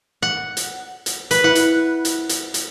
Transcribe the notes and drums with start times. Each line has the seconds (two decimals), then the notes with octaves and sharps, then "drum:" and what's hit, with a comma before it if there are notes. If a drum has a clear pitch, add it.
0.22 F#5
0.57 drum: hi-hat
1.06 drum: hi-hat
1.31 B4, drum: hi-hat
1.44 E4 F#5 F#6
1.55 drum: hi-hat
2.05 drum: hi-hat
2.29 drum: hi-hat
2.54 drum: hi-hat